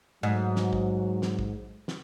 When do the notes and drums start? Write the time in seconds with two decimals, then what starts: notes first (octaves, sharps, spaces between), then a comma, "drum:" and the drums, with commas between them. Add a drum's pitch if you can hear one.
0.23 G#2 F#3
0.56 drum: snare
0.73 drum: kick A1
1.22 drum: snare
1.39 drum: kick A1
1.88 drum: snare